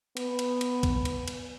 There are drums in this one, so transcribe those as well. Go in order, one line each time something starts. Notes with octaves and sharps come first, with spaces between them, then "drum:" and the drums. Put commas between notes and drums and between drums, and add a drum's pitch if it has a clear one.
B3, drum: cymbal
drum: cymbal
drum: cymbal
drum: kick B1, cymbal
drum: cymbal
drum: cymbal